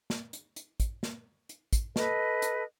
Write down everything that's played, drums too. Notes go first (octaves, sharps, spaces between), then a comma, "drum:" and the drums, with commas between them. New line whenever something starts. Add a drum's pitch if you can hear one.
drum: snare
drum: hi-hat
drum: hi-hat
drum: kick, hi-hat
drum: snare
drum: hi-hat
drum: kick, hi-hat
A4 B4 D#5, drum: snare
drum: hi-hat